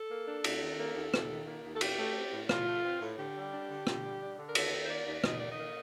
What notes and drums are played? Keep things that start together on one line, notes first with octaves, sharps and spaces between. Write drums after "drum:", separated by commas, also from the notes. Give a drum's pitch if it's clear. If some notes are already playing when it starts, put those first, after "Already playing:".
Already playing: A4
A#3
D4
D#2, drum: cymbal
D#3
A#3
D#2
D#2, drum: rim click
D#3
A#3
D#2
A4
A2 G4, drum: cymbal
A3
C4
A2
A2 F4, drum: rim click
A3
C4
A2
D3 G4
G3
D4
D3
D3, drum: rim click
G3
D4
D3
A#4
D#2 A4, drum: cymbal
D#3
C5
A#3 D5
D#2
D#2 D#5, drum: rim click
D#3 D5
D#5
A#3